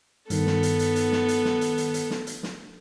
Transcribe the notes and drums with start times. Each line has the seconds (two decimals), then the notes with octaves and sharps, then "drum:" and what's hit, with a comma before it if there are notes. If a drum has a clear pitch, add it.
0.30 G2 D#3 B3 A4, drum: hi-hat
0.47 drum: snare
0.63 drum: hi-hat
0.79 drum: hi-hat
0.96 drum: hi-hat
1.12 drum: snare
1.28 drum: hi-hat
1.45 drum: snare
1.61 drum: hi-hat
1.78 drum: hi-hat
1.94 drum: hi-hat
2.10 drum: snare
2.27 drum: hi-hat
2.43 drum: snare